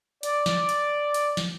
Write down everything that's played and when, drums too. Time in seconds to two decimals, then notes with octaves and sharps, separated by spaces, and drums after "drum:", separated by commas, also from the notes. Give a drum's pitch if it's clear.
0.23 D5, drum: hi-hat
0.46 drum: snare
0.69 drum: hi-hat
1.14 drum: hi-hat
1.37 drum: snare